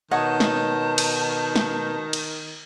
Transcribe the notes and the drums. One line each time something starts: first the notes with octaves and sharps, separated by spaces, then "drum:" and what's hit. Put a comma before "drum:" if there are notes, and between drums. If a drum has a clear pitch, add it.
B2 D#3 C#5 D#5 F#5 A5 G6
drum: snare
drum: cymbal
drum: snare
drum: cymbal